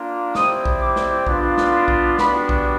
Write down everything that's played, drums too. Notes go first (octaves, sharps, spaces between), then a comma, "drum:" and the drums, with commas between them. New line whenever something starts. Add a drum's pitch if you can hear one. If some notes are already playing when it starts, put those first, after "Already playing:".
Already playing: A#3 D4 F4
G3 C4 E4 D#6, drum: snare
drum: kick A#1
D6
drum: snare
B3 D4 F4, drum: kick A#1
drum: snare
C6
drum: kick A#1
G3 B3 D4 F#4 B5, drum: snare
drum: kick A#1